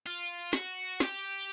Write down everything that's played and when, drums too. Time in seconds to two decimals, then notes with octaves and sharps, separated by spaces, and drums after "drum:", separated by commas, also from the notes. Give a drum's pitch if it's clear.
0.06 F4
0.53 F#4, drum: snare
1.00 G4, drum: snare